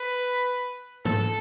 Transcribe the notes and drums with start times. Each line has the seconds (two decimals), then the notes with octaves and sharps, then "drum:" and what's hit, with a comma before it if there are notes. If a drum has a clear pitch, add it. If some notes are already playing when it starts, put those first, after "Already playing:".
Already playing: B4
1.05 A4, drum: tom G#2